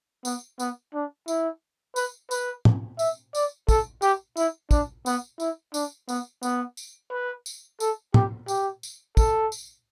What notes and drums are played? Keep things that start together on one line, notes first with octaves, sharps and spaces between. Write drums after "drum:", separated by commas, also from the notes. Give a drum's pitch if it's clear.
B3, drum: tambourine
B3, drum: tambourine
D4
E4, drum: tambourine
B4, drum: tambourine
B4, drum: tambourine
drum: tom
E5, drum: tambourine
D5, drum: tambourine
A4, drum: kick, tambourine
G4, drum: tambourine
E4, drum: tambourine
D4, drum: kick, tambourine
B3, drum: tambourine
E4, drum: tambourine
D4, drum: tambourine
B3, drum: tambourine
B3, drum: tambourine
drum: tambourine
B4
drum: tambourine
A4, drum: tambourine
G4, drum: tom
G4, drum: tambourine
drum: tambourine
A4, drum: kick, tambourine
drum: tambourine